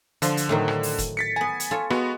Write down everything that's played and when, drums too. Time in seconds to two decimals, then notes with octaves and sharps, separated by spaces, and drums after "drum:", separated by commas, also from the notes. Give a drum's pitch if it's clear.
0.22 D3 F3 C6, drum: hi-hat
0.37 drum: hi-hat
0.49 A2 D#3 F#3
0.68 drum: rim click
0.83 drum: open hi-hat
0.98 drum: kick, hi-hat
1.17 A6 B6 C#7
1.36 B3 G#5 A#5
1.60 drum: hi-hat
1.71 F4 A4 C#5
1.90 G#3 B3 F#4, drum: rim click